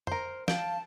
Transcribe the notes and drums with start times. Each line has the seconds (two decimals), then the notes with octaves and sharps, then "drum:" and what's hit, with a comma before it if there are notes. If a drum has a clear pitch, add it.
0.07 A#4 C5, drum: tom F2
0.48 F5 G5 A5, drum: snare